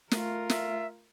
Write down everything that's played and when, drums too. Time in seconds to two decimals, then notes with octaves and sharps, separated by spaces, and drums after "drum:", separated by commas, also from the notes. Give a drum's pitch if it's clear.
0.11 A3 F4 A#4, drum: snare
0.50 E5, drum: snare